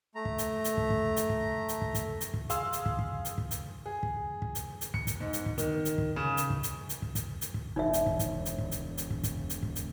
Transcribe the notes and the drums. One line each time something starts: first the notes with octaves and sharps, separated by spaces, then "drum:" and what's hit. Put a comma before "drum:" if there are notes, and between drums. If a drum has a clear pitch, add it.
A3 A#5
drum: kick
drum: hi-hat
drum: hi-hat
drum: kick
drum: kick
drum: hi-hat
drum: kick
drum: hi-hat
drum: kick
drum: kick, hi-hat
drum: hi-hat
drum: kick
G#4 F5 C6 E6, drum: hi-hat
drum: hi-hat
drum: kick
drum: kick
drum: hi-hat
drum: kick
drum: hi-hat
G#4
drum: kick
drum: kick
drum: hi-hat
drum: hi-hat
C#7, drum: kick
drum: kick, hi-hat
G#2
drum: hi-hat
drum: kick
D#3, drum: hi-hat
drum: hi-hat
drum: kick
C#3
drum: hi-hat
drum: kick
drum: hi-hat
drum: hi-hat
drum: kick
drum: kick, hi-hat
drum: hi-hat
drum: kick
E1 D#4 E5
drum: hi-hat
drum: kick
drum: kick, hi-hat
drum: hi-hat
drum: kick
drum: hi-hat
drum: hi-hat
drum: kick
drum: kick, hi-hat
drum: hi-hat
drum: kick
drum: hi-hat